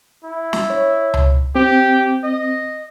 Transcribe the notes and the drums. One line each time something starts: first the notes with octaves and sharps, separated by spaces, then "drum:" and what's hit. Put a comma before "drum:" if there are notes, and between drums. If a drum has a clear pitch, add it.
E4
drum: snare
C#5
drum: tom C#2
C4 G4
D#5